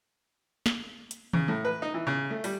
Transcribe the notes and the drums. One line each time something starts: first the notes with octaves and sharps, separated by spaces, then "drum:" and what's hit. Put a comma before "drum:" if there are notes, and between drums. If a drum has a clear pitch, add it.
drum: snare
drum: hi-hat
C#3, drum: tom D#3
A2
B4
D#4
E3
C#3
A3
G3, drum: open hi-hat